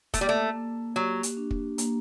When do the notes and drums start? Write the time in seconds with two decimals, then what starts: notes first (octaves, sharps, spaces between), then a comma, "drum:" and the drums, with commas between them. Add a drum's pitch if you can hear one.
0.14 A3 A#3, drum: kick, hi-hat
0.21 G3
0.29 A3
0.55 A#3
0.96 F#3 G4
1.23 drum: hi-hat
1.37 D4
1.51 drum: kick
1.78 A#3, drum: hi-hat